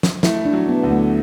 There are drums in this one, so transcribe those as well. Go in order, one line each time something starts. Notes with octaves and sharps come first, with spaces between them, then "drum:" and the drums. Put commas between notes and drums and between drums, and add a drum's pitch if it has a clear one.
drum: snare
A3 E4, drum: snare
D4
F#3
B3
D2
A3